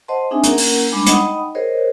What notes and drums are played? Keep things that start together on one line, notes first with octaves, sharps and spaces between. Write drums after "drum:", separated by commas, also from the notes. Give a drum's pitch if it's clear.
C5 D#5 F#5 A5 C6
C4 D4 D#4 G#4 E5 G#5
A#3 C#4 A#4 F#5, drum: hi-hat
drum: open hi-hat
G3 G#3 D4 B5 D6
D#4 D#5 F#5 G5 B5 D#6, drum: hi-hat
G#4 A#4 C5 C#5 D#5